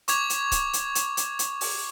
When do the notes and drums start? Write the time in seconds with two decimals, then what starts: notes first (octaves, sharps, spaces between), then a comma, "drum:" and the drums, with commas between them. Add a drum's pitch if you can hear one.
0.08 C#6 D6 G#6 F7, drum: hi-hat
0.30 drum: hi-hat
0.52 drum: kick C#1, hi-hat
0.73 drum: hi-hat
0.95 drum: hi-hat
1.17 drum: hi-hat
1.39 drum: hi-hat
1.61 drum: open hi-hat